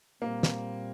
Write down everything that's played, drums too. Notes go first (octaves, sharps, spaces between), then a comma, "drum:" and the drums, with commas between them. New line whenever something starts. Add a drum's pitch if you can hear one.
A#2 G3 A#3 C4
drum: snare